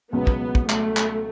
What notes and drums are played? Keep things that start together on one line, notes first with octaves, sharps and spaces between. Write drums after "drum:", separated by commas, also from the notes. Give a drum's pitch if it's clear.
C#2 B2 F#3 B3
drum: kick
drum: kick
A3, drum: clap
drum: clap